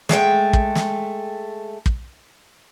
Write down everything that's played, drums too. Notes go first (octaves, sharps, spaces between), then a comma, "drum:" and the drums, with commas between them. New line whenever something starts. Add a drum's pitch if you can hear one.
G#3 A3 D5 G5, drum: snare
drum: kick
drum: snare
drum: kick